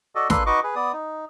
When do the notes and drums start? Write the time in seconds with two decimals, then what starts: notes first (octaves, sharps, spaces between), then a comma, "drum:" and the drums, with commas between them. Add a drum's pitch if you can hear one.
0.15 F#4 A4 D5 D#5
0.30 A#3 D4 A4 B4 C6 F#6, drum: snare
0.46 D#4 F#4 B4 D#5 C#6 D6
0.63 G#4 B4
0.75 B3 D5 D#6
0.93 D#4